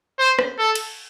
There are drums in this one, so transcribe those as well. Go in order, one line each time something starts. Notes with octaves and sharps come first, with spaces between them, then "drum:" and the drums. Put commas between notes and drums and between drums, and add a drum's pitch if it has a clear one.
C5
drum: rim click
A4
drum: cymbal